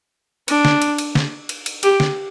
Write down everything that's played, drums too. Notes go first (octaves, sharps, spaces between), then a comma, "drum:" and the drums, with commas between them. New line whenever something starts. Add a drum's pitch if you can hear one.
D4, drum: cymbal
drum: snare
drum: cymbal
drum: cymbal
drum: snare
drum: cymbal
drum: cymbal
G4, drum: cymbal
drum: snare